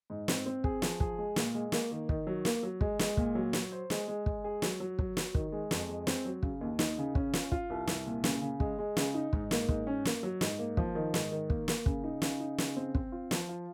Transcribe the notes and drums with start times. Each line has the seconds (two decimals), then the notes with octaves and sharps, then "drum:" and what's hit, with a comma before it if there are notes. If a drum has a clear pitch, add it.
0.10 G#2
0.28 C4, drum: snare
0.46 C4
0.64 G#4, drum: kick
0.82 F3, drum: snare
1.00 G#4, drum: kick
1.18 G#3
1.36 A#2, drum: snare
1.54 G#3
1.72 A#3, drum: snare
1.91 D#3
2.09 D#3, drum: kick
2.27 F#3
2.45 A#3, drum: snare
2.63 F#3
2.81 G#3, drum: kick
2.99 G#3, drum: snare
3.17 A#2, drum: kick
3.35 F#3
3.53 F#3, drum: snare
3.72 C5
3.90 G#3, drum: snare
4.08 G#3
4.26 G#3, drum: kick
4.44 G#4
4.62 F#3, drum: snare
4.80 F#3
4.99 F#3, drum: kick
5.17 F#3, drum: snare
5.35 D#3, drum: kick
5.52 G#3
5.71 F2, drum: snare
5.88 G#3
6.07 C4, drum: snare
6.25 F#3
6.43 C#3, drum: kick
6.61 D#2
6.79 D#4, drum: snare
6.98 C#3
7.15 C#4, drum: kick
7.33 F4, drum: snare
7.52 F4, drum: kick
7.70 C2
7.87 C2, drum: snare
8.06 A#2
8.24 C#3, drum: snare
8.42 C#3
8.60 G#3, drum: kick
8.79 G#3
8.97 C#3, drum: snare
9.14 D#4
9.33 G#2, drum: kick
9.51 A#3, drum: snare
9.69 G#2, drum: kick
9.87 C#4
10.05 A#3, drum: snare
10.23 F#3
10.41 G#2, drum: snare
10.59 A#3
10.77 F3, drum: kick
10.95 D#3
11.14 G#2, drum: snare
11.32 D#3
11.50 A#3, drum: kick
11.68 A#3, drum: snare
11.86 C#3, drum: kick
12.04 D#4
12.22 C#3, drum: snare
12.40 D#4
12.58 C#3, drum: snare
12.77 C4
12.95 C4, drum: kick
13.12 F4
13.31 F3, drum: snare
13.49 F4